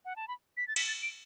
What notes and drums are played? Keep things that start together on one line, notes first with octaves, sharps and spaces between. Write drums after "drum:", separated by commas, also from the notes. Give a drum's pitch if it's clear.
F#5
A5
B5
B6
A6
B6, drum: cymbal
A6
D7